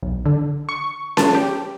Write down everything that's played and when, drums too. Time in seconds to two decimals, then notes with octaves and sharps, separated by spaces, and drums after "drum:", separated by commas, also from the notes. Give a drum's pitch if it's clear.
0.03 B1
0.26 D3
0.69 C#6
1.17 A5, drum: snare C#4
1.35 G4